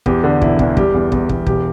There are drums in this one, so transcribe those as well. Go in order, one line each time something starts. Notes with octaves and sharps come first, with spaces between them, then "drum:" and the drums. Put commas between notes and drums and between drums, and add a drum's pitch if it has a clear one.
E2 G4, drum: kick
D3
E1 E4, drum: kick
E2, drum: kick
G3 G4, drum: kick
E2
E2, drum: kick
E2, drum: kick
E1 G4, drum: kick